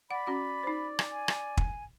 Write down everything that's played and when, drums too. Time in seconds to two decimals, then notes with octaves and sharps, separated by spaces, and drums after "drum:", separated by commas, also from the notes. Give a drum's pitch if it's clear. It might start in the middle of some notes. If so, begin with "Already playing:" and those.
0.11 D5 F#5 B5
0.26 C#4 F#4 F#5
0.63 D#4 C5
0.99 drum: rim click
1.11 G#5
1.28 drum: rim click
1.57 drum: kick